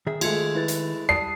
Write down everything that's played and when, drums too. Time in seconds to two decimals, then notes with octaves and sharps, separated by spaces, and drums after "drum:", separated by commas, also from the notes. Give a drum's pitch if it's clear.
0.07 D#3 G#4 E5
0.21 G#3 A3 F4 G#6 C#7, drum: cymbal
0.55 E4 B4 A6
0.68 drum: hi-hat
1.09 G3 D5 A5 D#6 C7